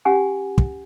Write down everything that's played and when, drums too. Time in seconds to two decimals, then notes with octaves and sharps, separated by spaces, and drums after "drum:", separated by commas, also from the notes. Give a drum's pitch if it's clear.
0.05 C#4 G4 F#5 G#5
0.58 drum: kick